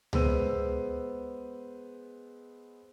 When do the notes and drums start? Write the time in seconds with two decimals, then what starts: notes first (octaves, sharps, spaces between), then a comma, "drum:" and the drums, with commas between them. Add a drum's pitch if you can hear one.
0.13 G#3 B3 C5 E6 D#7, drum: tom C#2